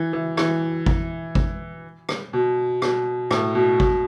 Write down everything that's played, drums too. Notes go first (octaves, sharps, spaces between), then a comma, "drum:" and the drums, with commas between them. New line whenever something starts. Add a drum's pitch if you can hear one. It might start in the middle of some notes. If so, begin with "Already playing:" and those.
Already playing: E3
E3
E3, drum: rim click
drum: kick G#1
drum: kick G#1
drum: rim click
B2
B2, drum: rim click
A2, drum: rim click
B2
B2, drum: kick G#1